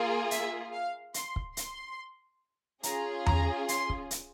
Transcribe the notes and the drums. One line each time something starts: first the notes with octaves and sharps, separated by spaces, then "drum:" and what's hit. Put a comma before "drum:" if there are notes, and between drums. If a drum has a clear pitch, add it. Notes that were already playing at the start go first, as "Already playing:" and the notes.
Already playing: A#3 F4 G#4
E5, drum: hi-hat
F5
C6, drum: hi-hat
drum: kick
C6, drum: hi-hat
C#4 F4 G#4 A#5, drum: hi-hat
A#5, drum: tom E2
C6, drum: hi-hat
drum: kick
drum: hi-hat